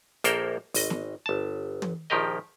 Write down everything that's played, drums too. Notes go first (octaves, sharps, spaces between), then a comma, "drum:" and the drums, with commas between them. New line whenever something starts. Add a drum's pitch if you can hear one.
A#1 A#3 A4 A#4 C5 G5, drum: hi-hat
G#1 D#5, drum: open hi-hat
drum: snare
G1 A5
drum: tom
A#1 D#3 F3 G4 A#4 D#5